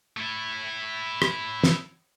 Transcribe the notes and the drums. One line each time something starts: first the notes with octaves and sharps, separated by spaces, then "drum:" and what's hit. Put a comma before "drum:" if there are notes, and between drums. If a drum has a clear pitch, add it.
A3 E4
drum: rim click
drum: snare